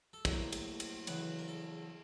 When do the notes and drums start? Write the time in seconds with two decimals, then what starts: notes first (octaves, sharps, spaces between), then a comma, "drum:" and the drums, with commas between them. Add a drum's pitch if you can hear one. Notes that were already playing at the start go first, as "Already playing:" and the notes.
0.13 A4
0.25 A#1 A2 F#3 A#4, drum: kick, cymbal
0.52 drum: cymbal
0.80 drum: cymbal
1.07 E2 C#3 F#3 B4, drum: cymbal
1.39 A#4
1.48 A4